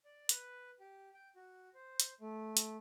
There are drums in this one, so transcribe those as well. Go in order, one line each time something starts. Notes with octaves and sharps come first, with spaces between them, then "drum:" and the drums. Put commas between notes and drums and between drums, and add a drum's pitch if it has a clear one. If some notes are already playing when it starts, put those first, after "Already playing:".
D5
B4, drum: hi-hat
G4
G5
F#4
C5
drum: hi-hat
A3
drum: hi-hat